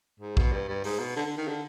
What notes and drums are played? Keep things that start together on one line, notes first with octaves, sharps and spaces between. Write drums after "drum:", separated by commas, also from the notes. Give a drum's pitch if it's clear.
G#2
B2, drum: kick
G2
G2
G#2, drum: open hi-hat
B2
D3
D3
D#3
D3